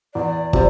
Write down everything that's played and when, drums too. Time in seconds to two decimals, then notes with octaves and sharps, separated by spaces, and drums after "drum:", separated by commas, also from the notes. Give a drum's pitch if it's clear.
0.15 E2 D5
0.53 C3 F3 C4, drum: kick